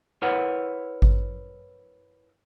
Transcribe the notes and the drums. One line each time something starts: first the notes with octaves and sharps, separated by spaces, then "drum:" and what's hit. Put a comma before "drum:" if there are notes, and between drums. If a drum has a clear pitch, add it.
E4 A#4 B4 C#5 F#5
drum: kick G#1